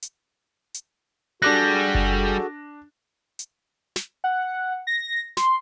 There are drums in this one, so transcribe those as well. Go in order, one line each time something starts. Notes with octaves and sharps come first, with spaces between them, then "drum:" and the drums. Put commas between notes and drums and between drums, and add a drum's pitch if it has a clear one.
drum: hi-hat
drum: hi-hat
G3 D4 F#4 G#4 A4 D6 F#6 A#6
drum: kick F#1
drum: hi-hat
drum: snare
F#5
A#6
C6, drum: snare